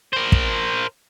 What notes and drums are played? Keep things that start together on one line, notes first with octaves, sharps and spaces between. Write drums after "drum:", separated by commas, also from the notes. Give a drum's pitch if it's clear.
A#4 C5
drum: kick